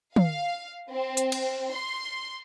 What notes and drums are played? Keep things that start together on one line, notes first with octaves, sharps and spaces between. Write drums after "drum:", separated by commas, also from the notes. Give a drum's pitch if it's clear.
F5, drum: tom
C4
drum: hi-hat
drum: cymbal
C6